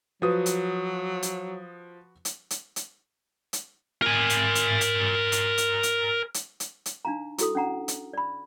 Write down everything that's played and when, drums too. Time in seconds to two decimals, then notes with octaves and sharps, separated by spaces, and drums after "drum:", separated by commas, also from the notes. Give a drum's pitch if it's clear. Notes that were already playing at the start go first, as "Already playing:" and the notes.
0.22 F3 F#3 F#4 B4 D#6
0.46 drum: hi-hat
1.23 drum: hi-hat
2.25 drum: hi-hat
2.50 drum: hi-hat
2.76 drum: hi-hat
3.53 drum: hi-hat
4.02 A#4 G#5
4.30 drum: hi-hat
4.55 drum: hi-hat
4.81 drum: hi-hat
5.32 drum: hi-hat
5.58 drum: hi-hat
5.83 drum: hi-hat
6.34 drum: hi-hat
6.60 drum: hi-hat
6.86 drum: hi-hat
7.05 D4 D#4 F5 A#5
7.38 E4 F#4 A4 D#6, drum: hi-hat
7.55 C#4 D4 F#5 A#5
7.88 drum: hi-hat
8.14 D5 B5